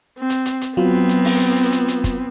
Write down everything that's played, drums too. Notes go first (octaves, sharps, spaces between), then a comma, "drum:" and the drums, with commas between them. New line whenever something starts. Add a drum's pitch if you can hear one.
C4
drum: hi-hat
drum: hi-hat
drum: hi-hat
F#3 B3 C4 F4
drum: hi-hat
drum: open hi-hat
drum: hi-hat
drum: hi-hat
drum: hi-hat
drum: kick, hi-hat